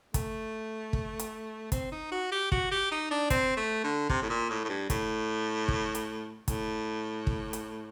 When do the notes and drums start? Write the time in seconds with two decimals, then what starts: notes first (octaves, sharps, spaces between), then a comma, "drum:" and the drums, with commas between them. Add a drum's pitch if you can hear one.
0.14 A3, drum: kick, hi-hat
0.93 drum: kick
1.19 drum: hi-hat
1.72 C4, drum: kick, hi-hat
1.92 D#4
2.12 F#4
2.32 G4
2.52 F#4, drum: kick
2.71 G4
2.92 D#4
3.11 D4
3.30 C4, drum: kick, hi-hat
3.57 A3
3.84 D3
4.09 C3, drum: kick
4.22 A2
4.30 A#2
4.50 A2
4.64 A2
4.69 G2
4.90 A2, drum: kick, hi-hat
5.68 drum: kick
5.95 drum: hi-hat
6.48 A2, drum: kick, hi-hat
7.27 drum: kick
7.53 drum: hi-hat